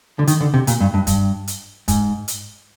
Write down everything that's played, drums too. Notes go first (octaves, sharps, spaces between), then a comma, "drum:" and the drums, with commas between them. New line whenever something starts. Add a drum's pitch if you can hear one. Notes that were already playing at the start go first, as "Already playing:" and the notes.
D3
D#3, drum: hi-hat
D3
C3
A#2, drum: hi-hat
G2
G2
G2, drum: kick, hi-hat
drum: hi-hat
G#2, drum: kick, hi-hat
drum: hi-hat